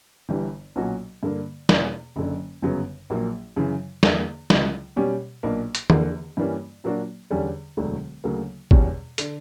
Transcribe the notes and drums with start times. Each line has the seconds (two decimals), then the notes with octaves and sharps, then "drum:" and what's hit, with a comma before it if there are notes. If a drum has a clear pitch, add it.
0.29 G1 G2 E3 G3
0.76 B1 A#2 F#3 C#4 F#4
1.23 G2 D3 A#3
1.69 E2 B2 A#3 C#4, drum: snare
2.16 F#1 F#2 D3
2.62 G1 F#2 C#3 F#3 B3
3.10 A#1 A#2 F#3 A#3
3.56 F#2 C#3 E3
4.03 E2 D3 A#3, drum: snare
4.50 C#2 C#3 F#3, drum: snare
4.96 B2 G3 C#4 G4
5.43 B1 A#2 A#3 D4
5.75 drum: hi-hat
5.90 E2 D3 A#3, drum: tom
6.37 G2 E3 G3 A#3 C#4
6.84 A#2 F#3 A#3 D4 F#4
7.30 E2 D3 G3 C#4
7.77 E1 D2 D3 F#3
8.24 D2 C#3 F#3 A#3
8.71 E2 B2 G3 C#4, drum: kick
9.18 D3, drum: hi-hat